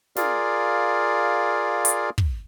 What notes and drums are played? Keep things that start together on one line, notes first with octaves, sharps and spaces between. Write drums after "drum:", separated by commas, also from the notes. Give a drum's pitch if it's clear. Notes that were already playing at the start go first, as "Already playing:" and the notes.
F4 G#4 A#4 D5 F5, drum: snare
drum: hi-hat
drum: kick